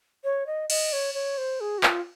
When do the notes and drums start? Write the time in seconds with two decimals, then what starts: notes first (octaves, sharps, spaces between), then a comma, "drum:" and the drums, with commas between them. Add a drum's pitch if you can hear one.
0.24 C#5
0.47 D#5
0.70 D#5, drum: cymbal
0.93 C#5
1.14 C#5
1.38 C5
1.61 G#4
1.78 F#4
1.83 F4, drum: clap